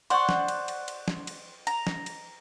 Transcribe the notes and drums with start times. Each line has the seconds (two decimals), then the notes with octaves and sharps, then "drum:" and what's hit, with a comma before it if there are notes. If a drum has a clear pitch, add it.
0.10 C5 D5 F#5 C6 C#6, drum: cymbal
0.29 drum: snare
0.48 drum: cymbal
0.68 drum: cymbal
0.88 drum: cymbal
1.08 drum: snare
1.27 drum: cymbal
1.67 A#5, drum: cymbal
1.87 drum: snare
2.06 drum: cymbal